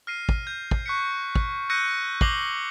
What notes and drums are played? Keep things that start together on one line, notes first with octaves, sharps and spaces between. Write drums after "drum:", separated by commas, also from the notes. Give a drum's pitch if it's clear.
F6 A#6 C7 D#7
drum: kick
G6
drum: kick
C#6 F#6 B6 C#7
drum: kick
E6 F#6 G6 A#6 C#7 D#7
D6 A#6 C7 D#7 F#7 G7, drum: kick